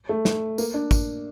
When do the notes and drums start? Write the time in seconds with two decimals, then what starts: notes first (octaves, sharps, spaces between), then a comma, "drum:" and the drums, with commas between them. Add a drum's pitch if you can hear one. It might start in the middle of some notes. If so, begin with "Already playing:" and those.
0.09 A3
0.25 drum: snare
0.58 A#3, drum: tambourine
0.74 D4
0.91 drum: kick, tambourine